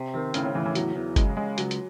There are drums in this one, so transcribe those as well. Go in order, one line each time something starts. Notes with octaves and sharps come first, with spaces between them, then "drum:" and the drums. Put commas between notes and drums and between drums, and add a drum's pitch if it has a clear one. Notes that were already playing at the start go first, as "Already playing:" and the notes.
Already playing: C3
D#3 C4
A2 C#3, drum: hi-hat
C#3
A2 E3
E3
E2 F#3, drum: hi-hat
E2
C#3 G#3, drum: kick G1, hi-hat
C#3 G#3
C#2 F#3, drum: hi-hat
drum: hi-hat